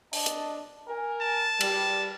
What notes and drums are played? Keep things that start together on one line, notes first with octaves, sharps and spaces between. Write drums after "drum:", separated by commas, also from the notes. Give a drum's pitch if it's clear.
D4 D#5 A5, drum: open hi-hat
drum: hi-hat
A#4 G#5
A5
G3, drum: cymbal